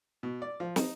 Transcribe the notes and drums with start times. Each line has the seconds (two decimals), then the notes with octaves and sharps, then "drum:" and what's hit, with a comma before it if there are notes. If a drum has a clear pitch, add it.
0.23 B2
0.42 D5
0.60 F3
0.76 D#4, drum: snare